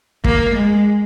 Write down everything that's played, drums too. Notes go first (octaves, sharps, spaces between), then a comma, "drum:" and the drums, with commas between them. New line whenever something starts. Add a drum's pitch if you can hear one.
A#3, drum: kick
G#3